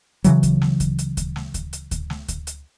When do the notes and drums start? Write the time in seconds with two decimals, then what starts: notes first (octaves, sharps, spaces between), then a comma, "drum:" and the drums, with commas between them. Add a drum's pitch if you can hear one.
0.24 C#3 E3 F#3, drum: hi-hat
0.43 drum: kick D2, hi-hat
0.62 drum: snare
0.80 drum: kick D2, hi-hat
0.99 drum: hi-hat
1.17 drum: kick D2, hi-hat
1.36 drum: snare
1.54 drum: kick D2, hi-hat
1.73 drum: hi-hat
1.91 drum: kick D2, hi-hat
2.10 drum: snare
2.28 drum: kick D2, hi-hat
2.47 drum: hi-hat